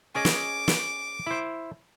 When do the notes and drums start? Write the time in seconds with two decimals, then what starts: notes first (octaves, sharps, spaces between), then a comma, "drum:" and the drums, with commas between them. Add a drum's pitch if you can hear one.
0.15 C#4 G#4 D#5 D6
0.25 drum: snare
0.68 drum: snare
1.26 E4 C5